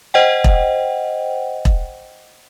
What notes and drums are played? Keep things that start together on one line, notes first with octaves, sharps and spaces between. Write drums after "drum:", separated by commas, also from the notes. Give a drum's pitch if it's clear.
C5 D#5 F#5 G5
drum: kick E1
drum: kick E1